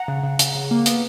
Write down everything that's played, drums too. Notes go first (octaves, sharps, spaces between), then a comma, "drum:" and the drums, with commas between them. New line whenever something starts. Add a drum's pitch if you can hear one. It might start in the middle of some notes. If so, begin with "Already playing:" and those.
Already playing: F#5 A#5
C#3
C#3
C#3, drum: hi-hat
C#3
A#3
B3, drum: hi-hat